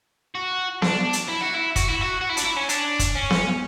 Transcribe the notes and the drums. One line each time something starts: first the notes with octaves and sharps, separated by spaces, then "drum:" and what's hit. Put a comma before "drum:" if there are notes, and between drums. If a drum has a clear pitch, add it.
F#4
D4, drum: snare B3
drum: hi-hat
E4
F#4
E4
F#4, drum: kick, hi-hat
E4
F#4
F#4
E4
D4, drum: hi-hat
E4
C#4
D4, drum: hi-hat
drum: kick, hi-hat
C#4
drum: snare B3